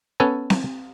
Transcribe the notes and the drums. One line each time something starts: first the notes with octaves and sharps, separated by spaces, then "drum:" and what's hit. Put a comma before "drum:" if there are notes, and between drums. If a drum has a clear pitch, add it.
B3 C#4 A4 B4 G#5
drum: snare C4